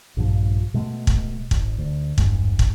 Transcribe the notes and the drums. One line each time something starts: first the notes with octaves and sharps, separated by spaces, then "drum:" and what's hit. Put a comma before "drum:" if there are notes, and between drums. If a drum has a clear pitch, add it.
A#1 G2 F3
B2 G#3 A3
drum: kick
G#1, drum: kick
D2
G#1 E2 G2 G#3, drum: kick
drum: kick